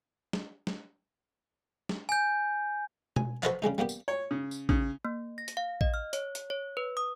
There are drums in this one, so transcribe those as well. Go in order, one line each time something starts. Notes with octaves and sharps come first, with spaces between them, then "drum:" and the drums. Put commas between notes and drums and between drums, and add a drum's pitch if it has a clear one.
drum: snare
drum: snare
drum: snare
G#5 G6
G#5, drum: tom B2
F#4 A4 B4 C5 D#5 F5, drum: clap
C#3 G3 G#3 D#4
G3 A#3 B3 G4
drum: tambourine
C#5
C#3
drum: tambourine
C#3, drum: kick
A#3
A#6
drum: hi-hat
F5
D#5, drum: kick
F6
C#5, drum: hi-hat
drum: hi-hat
C#5
B4
D#6